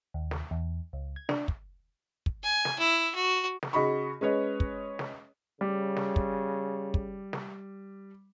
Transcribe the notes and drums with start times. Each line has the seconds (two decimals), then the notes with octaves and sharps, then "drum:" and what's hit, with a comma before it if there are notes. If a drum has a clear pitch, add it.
0.14 D#2
0.31 drum: snare
0.51 E2
0.93 C#2
1.16 G#6
1.29 D4, drum: snare
1.48 drum: kick
2.26 drum: kick
2.43 G#5
2.65 drum: snare
2.79 E4
3.15 F#4
3.63 drum: snare
3.73 C#3 F#4 D#5 B5 C#6
4.21 G#3 C#4 B4 C#5 D#5
4.60 drum: kick
4.99 drum: snare
5.61 C#3 G3
5.96 drum: snare
6.16 drum: kick
6.94 drum: kick
7.33 drum: snare